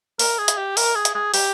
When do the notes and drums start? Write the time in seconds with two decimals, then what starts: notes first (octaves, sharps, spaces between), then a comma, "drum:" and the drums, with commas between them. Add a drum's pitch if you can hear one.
0.19 A#4, drum: open hi-hat
0.39 G#4
0.48 drum: hi-hat
0.57 G4
0.77 A#4, drum: open hi-hat
0.96 G#4
1.05 drum: hi-hat
1.15 G#4
1.34 G4, drum: open hi-hat